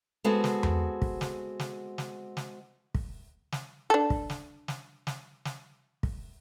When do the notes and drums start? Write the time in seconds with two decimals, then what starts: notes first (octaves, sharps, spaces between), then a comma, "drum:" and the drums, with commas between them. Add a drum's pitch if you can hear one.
0.24 G#3 B3 C4 F#4 A4
0.44 drum: snare
0.63 drum: tom E2
1.02 drum: kick
1.21 drum: snare
1.59 drum: snare
1.98 drum: snare
2.37 drum: snare
2.95 drum: kick
3.52 drum: snare
3.90 D4 A4
4.10 drum: kick
4.30 drum: snare
4.68 drum: snare
5.07 drum: snare
5.45 drum: snare
6.03 drum: kick